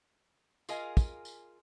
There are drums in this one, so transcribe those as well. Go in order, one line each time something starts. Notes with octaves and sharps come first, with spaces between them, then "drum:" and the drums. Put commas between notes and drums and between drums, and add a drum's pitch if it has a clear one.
F4 G#4 A#4 D#5 F5 G#5, drum: tambourine
drum: kick, tambourine
drum: tambourine